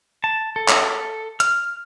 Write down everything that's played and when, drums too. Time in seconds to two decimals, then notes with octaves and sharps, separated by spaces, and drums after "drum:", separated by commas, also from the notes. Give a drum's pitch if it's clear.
0.24 A5
0.56 A4
0.69 drum: clap
1.40 F6, drum: hi-hat